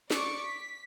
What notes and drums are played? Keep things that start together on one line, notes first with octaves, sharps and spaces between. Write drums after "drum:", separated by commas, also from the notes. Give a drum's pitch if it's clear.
D5 C#6 D6 A6, drum: snare
B6